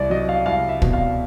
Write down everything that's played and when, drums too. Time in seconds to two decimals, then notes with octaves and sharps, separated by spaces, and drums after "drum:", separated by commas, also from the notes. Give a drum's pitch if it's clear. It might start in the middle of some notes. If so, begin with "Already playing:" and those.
Already playing: C2 D5
0.10 F#3 D#5
0.29 F5
0.46 C2 F5
0.69 E5
0.82 B2, drum: kick
0.93 F5